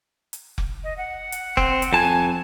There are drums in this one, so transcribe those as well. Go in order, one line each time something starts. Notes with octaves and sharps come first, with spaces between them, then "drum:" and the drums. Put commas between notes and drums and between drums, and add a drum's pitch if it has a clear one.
drum: hi-hat
drum: kick F1
D#5
F#5
drum: hi-hat
C4, drum: kick F1
drum: hi-hat
F2 G#5 A5